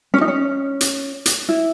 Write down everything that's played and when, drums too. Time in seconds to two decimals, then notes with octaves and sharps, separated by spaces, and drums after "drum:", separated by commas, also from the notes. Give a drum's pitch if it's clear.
0.14 C#4
0.21 D#4
0.28 C#4
0.81 drum: hi-hat
1.26 drum: hi-hat
1.49 E4